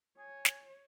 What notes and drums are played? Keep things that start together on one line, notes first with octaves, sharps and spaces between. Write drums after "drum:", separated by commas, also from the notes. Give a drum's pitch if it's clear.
C#5 G#5
drum: snare